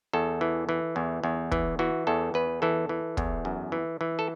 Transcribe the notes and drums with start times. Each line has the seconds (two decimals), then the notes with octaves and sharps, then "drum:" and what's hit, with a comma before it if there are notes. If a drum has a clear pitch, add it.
0.13 E2 A4
0.41 E3
0.69 E3
0.96 E2
1.24 E2
1.52 E3, drum: kick
1.79 E3 F#4
2.07 E2 A4
2.34 E2 B4
2.62 E3 A4
2.89 E3
3.17 E2, drum: kick
3.45 F#2
3.72 E3
4.01 E3
4.19 A4